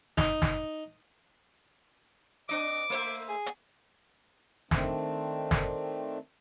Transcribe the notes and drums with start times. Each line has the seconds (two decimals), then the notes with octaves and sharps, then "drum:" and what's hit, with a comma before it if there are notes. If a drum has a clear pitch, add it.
0.18 D#4, drum: snare
0.42 drum: snare
2.49 C4 D4 D#5 D6
2.90 A3 C5 E5
3.29 G#4
3.46 drum: hi-hat
4.71 D#3 A3 C4 D4, drum: snare
5.51 drum: snare